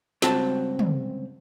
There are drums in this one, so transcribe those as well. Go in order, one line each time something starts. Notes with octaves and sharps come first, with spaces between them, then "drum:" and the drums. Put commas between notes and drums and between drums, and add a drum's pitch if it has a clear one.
C#2 G2 C4 F#4 A5, drum: snare
drum: tom